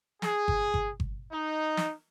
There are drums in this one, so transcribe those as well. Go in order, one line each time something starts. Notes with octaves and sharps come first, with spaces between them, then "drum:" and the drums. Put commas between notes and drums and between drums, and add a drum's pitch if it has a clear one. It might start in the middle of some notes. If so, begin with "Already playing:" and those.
G#4, drum: snare
drum: kick G1
drum: kick G1
drum: kick G1
D#4
drum: snare